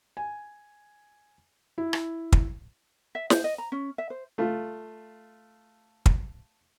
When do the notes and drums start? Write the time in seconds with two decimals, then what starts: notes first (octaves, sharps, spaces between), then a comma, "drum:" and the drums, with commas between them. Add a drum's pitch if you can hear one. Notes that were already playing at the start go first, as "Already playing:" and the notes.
0.17 G#5
1.78 E4
1.93 drum: rim click
2.32 drum: kick
3.15 E5
3.30 C5, drum: snare
3.44 D#5
3.58 A#5
3.72 C#4
3.98 E5
4.10 C5
4.38 A3 F4
6.06 drum: kick